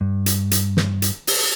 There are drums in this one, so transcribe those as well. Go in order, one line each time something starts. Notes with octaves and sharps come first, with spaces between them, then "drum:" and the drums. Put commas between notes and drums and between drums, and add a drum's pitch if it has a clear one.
G2
drum: hi-hat
drum: hi-hat
drum: snare
drum: hi-hat
drum: open hi-hat